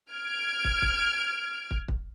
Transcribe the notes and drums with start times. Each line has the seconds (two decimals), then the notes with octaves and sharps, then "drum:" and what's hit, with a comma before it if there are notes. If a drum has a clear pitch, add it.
0.11 F6 G#6 D7
0.64 drum: kick
0.82 drum: kick
1.71 drum: kick
1.88 drum: kick